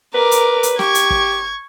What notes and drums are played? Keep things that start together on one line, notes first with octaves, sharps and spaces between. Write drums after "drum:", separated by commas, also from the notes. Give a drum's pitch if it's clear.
A#4 B4 D6
drum: hi-hat
drum: hi-hat
G4 C#6 G#6, drum: snare
drum: hi-hat
drum: kick G1